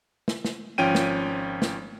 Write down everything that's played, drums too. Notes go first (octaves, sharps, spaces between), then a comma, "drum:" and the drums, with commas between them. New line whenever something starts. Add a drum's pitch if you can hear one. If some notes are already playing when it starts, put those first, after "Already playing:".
drum: snare
drum: snare
G#1 F3 C#4 G5 D#7
drum: snare
drum: snare